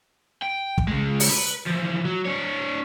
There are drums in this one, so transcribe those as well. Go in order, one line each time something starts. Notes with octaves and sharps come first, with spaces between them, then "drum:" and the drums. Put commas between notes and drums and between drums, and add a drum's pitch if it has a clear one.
G5
drum: kick
C#3 G#3
drum: open hi-hat
B4
E3 F3
F#3
D4 C#5